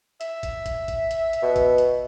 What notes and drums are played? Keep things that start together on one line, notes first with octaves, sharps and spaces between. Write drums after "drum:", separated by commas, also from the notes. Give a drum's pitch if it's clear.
E5, drum: hi-hat
drum: kick, hi-hat
drum: kick, hi-hat
drum: kick, hi-hat
drum: hi-hat
drum: hi-hat
B2
drum: kick, hi-hat
drum: hi-hat